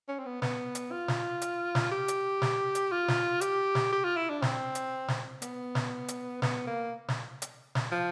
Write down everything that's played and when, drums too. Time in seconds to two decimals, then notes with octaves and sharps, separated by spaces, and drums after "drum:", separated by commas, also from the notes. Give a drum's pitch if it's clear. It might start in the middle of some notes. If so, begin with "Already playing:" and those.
0.08 C#4
0.19 C4
0.25 B3
0.42 B3, drum: snare
0.75 drum: hi-hat
0.91 F4
1.08 drum: snare
1.42 drum: hi-hat
1.75 drum: snare
1.92 G4
2.08 drum: hi-hat
2.42 drum: snare
2.75 drum: hi-hat
2.92 F4
3.08 drum: snare
3.41 G4, drum: hi-hat
3.75 drum: snare
3.92 G4
4.04 F4
4.16 E4
4.30 D4
4.42 C4, drum: snare
4.75 drum: hi-hat
5.08 drum: snare
5.42 B3, drum: hi-hat
5.75 drum: snare
6.08 drum: hi-hat
6.42 B3, drum: snare
6.67 A#3
7.08 drum: snare
7.42 drum: hi-hat
7.75 drum: snare
7.92 F3